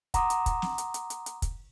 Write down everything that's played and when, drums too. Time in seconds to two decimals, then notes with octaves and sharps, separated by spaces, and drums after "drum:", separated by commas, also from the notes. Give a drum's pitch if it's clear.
0.14 F#5 A#5 C6 D6 D#6, drum: kick, hi-hat
0.30 drum: hi-hat
0.46 drum: kick, hi-hat
0.62 drum: snare
0.78 drum: hi-hat
0.94 drum: hi-hat
1.10 drum: hi-hat
1.26 drum: hi-hat
1.42 drum: kick, hi-hat